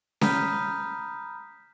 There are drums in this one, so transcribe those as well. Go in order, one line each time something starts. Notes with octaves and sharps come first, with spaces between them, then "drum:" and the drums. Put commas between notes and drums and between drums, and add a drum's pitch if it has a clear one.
A#5 B5 D#6 F6 G6 B6, drum: snare C#4